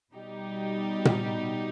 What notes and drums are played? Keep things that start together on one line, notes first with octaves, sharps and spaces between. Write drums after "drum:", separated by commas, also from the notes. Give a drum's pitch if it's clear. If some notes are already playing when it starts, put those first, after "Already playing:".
B2 G3 D#4 G4
drum: tom A#2